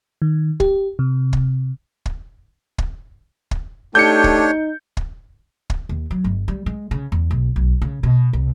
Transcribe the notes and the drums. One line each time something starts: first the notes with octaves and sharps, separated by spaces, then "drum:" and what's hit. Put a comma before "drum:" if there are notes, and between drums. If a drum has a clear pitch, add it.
D#3
G4, drum: kick
C3
drum: kick
drum: kick
drum: kick
drum: kick
A3 D4 D#4 G4 C#5 G6 C#7
drum: kick
drum: kick
drum: kick
D#2
F#3
G1
G3
G#3
C#3
E2
B1
B1
C#3
B2
C2